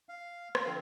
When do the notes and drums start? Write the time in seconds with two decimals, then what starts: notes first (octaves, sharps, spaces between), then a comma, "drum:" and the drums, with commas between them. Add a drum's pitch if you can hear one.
0.09 F5
0.55 drum: rim click
0.65 D3 F3 C4 F5